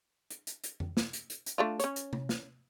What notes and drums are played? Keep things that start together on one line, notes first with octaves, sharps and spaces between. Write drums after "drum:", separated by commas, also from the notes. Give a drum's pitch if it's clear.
drum: hi-hat
drum: hi-hat
drum: hi-hat
drum: tom F2
drum: snare
drum: hi-hat
drum: hi-hat
drum: hi-hat
A3 D4 F4
C#4 C#5, drum: hi-hat
drum: hi-hat
drum: tom C3
drum: snare